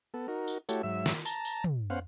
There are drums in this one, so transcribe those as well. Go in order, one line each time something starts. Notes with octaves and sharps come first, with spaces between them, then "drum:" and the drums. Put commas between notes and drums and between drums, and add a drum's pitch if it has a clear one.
B3 A4
D#4 F#4 A#4
drum: tambourine
A3 E4 F#4 G4 A4 C#5, drum: tambourine
G#2 F#3 E5 E6
drum: snare
A5 A#5, drum: tambourine
drum: tambourine
drum: tom
B3 C#4 C5 F5 F#5